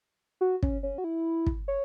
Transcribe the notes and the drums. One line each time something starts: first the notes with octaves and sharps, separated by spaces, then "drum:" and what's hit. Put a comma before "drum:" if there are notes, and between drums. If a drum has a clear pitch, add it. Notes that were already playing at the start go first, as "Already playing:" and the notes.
F#4
C#4, drum: kick
C#4
F#4
E4
drum: kick
C#5